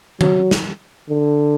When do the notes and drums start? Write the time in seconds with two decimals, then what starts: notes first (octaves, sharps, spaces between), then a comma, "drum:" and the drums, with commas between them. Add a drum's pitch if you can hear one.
0.21 F#3, drum: tom D#3
0.51 drum: snare
1.09 D3